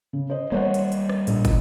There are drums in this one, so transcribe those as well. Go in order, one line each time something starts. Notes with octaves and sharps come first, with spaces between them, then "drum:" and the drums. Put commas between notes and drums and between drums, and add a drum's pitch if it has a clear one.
C#3
C5 D#5
G3 A#3 C5 C#5 F#5
drum: hi-hat
drum: hi-hat
drum: rim click
A#1, drum: hi-hat
drum: kick, hi-hat